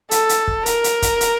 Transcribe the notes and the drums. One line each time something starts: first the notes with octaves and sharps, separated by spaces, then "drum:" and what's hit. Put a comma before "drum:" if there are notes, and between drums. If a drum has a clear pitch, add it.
A4, drum: hi-hat
drum: hi-hat
drum: kick
A#4, drum: hi-hat
drum: hi-hat
drum: kick, hi-hat
drum: hi-hat